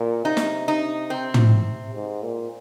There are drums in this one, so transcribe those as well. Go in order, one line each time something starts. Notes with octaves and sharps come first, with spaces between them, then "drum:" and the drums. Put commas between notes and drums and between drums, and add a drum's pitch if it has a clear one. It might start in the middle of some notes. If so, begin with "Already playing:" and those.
Already playing: A#2
C3 D#4
drum: snare
D#4
C4
drum: tom
G#2
A#2